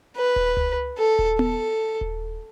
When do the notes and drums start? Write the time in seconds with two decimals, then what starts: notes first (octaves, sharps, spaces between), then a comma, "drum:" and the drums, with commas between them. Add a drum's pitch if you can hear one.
0.16 B4
0.36 drum: kick D#1
0.57 drum: tom C#2
0.98 A4
1.19 drum: kick D#1
1.39 A4, drum: tom B3
2.01 drum: kick D#1